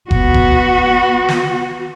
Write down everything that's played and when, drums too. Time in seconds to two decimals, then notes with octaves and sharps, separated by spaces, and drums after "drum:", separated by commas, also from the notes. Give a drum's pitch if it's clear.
0.11 B3 F#4, drum: kick F#1
0.34 drum: kick F#1
1.29 drum: snare